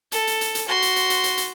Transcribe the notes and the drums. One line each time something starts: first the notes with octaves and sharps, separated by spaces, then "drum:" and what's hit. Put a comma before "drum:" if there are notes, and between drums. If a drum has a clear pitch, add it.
A4, drum: hi-hat
drum: hi-hat
drum: hi-hat
drum: hi-hat
F#4 C6
drum: hi-hat
drum: hi-hat
drum: hi-hat
drum: hi-hat
drum: hi-hat